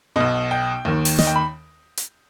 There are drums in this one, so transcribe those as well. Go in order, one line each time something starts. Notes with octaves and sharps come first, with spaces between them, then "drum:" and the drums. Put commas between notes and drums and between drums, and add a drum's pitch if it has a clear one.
B1 B2 D#5
G5
D#2 D#3
drum: open hi-hat
D#5, drum: snare
G5
B5
drum: hi-hat